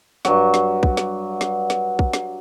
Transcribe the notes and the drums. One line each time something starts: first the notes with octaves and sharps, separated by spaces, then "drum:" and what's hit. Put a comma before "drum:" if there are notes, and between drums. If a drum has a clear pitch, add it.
G2 F#3, drum: snare
drum: snare
drum: kick
drum: snare
drum: snare
drum: snare
drum: kick
drum: snare